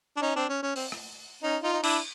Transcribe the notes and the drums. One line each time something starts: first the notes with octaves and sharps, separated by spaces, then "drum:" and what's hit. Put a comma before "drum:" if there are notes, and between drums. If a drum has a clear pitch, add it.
D4
C#4 D#4
C4 D4
C#4
C#4
C4, drum: open hi-hat
drum: rim click
C#4 D#4
D#4 F4
D#4
D4 E4, drum: cymbal